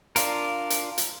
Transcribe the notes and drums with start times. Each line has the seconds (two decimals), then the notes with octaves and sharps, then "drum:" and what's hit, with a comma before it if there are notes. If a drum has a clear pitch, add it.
0.16 D4 F4 A#4, drum: hi-hat
0.70 drum: hi-hat
0.98 drum: hi-hat